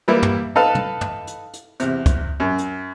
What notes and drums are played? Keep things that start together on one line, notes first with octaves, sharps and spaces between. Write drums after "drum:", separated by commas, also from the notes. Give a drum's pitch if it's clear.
E3 G3 A#3 E4
drum: tom
D#4 A4 B4 F5 A5
drum: tom
drum: tom
drum: hi-hat
drum: hi-hat
E2 C3, drum: hi-hat
drum: kick, hi-hat
F#2
drum: hi-hat